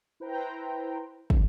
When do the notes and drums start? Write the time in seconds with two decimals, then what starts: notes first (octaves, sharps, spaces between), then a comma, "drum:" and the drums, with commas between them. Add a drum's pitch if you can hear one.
0.20 E4 B4 C5 G5 A#5
1.30 drum: kick